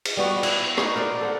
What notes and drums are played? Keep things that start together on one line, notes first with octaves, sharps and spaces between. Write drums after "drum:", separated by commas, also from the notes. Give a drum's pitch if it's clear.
drum: cymbal
G3 B3 F#4 B4
E4, drum: cymbal
D#4 F#4 B4 E5, drum: rim click
A#4 C5 D5
A4 C5 F#5